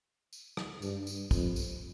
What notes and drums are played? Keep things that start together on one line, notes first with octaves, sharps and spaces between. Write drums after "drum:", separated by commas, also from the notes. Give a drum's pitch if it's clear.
drum: tambourine
drum: rim click
G2, drum: tambourine
drum: tambourine
F2, drum: kick, tambourine
drum: tambourine